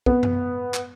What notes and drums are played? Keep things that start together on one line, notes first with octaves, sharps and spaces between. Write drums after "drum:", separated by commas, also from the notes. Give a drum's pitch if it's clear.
B3, drum: kick
drum: tom F#2
drum: clap